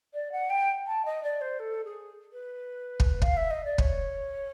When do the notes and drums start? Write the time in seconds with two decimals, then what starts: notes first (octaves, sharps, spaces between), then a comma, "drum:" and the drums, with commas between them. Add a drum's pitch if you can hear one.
0.13 D5
0.32 F#5
0.50 G5
0.86 A5
1.05 D#5
1.23 D5
1.41 C5
1.59 A4
1.84 G#4
2.32 B4
3.00 drum: kick
3.22 F5, drum: kick
3.37 E5
3.50 D#5
3.64 D5
3.78 C#5, drum: kick